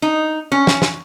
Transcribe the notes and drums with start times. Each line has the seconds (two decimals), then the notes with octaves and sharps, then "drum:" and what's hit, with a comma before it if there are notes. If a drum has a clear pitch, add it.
0.02 D#4
0.52 C#4
0.67 drum: snare
0.82 drum: snare